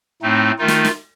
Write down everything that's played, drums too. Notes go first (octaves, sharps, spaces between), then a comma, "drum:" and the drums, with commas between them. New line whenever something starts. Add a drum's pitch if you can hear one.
A2 A3 C4 D#4
D#3 A3 D#4 F4
drum: snare
drum: snare